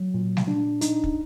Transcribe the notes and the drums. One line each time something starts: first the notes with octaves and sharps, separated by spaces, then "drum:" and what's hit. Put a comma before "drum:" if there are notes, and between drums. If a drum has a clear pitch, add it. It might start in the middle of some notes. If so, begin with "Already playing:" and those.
Already playing: F#3
A#2
drum: snare G3
D4
D#4, drum: hi-hat
drum: kick